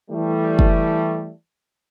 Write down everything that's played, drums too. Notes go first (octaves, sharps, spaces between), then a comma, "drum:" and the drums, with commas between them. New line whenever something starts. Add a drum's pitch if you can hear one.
E3 G3 A3
drum: kick